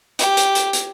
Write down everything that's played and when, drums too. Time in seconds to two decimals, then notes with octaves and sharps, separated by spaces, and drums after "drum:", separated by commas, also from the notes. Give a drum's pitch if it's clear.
0.19 G4, drum: hi-hat
0.37 drum: hi-hat
0.55 drum: hi-hat
0.73 drum: hi-hat